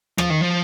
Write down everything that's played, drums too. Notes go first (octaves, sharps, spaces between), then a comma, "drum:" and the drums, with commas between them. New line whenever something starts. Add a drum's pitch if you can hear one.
F3, drum: rim click
D#3
F3